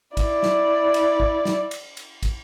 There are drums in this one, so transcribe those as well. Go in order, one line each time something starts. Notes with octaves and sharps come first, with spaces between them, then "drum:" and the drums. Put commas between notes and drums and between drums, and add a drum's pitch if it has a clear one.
E4 D5, drum: kick, cymbal
drum: snare
drum: cymbal
drum: kick
drum: snare
drum: cymbal
drum: cymbal
drum: kick, cymbal